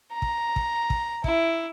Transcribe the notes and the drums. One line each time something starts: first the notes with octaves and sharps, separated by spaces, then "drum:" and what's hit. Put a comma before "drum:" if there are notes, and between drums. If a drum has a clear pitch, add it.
A#5
drum: kick
drum: kick
drum: kick
E4, drum: kick